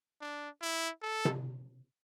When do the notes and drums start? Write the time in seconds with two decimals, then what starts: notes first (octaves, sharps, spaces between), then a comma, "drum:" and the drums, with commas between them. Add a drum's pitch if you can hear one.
0.21 D4
0.61 E4
1.02 A4
1.25 drum: tom C3